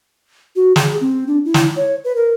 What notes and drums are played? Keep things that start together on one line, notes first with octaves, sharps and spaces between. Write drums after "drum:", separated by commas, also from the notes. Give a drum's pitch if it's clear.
F#4
G#4, drum: snare
C4
D4
E4
drum: snare
C#5
B4
A#4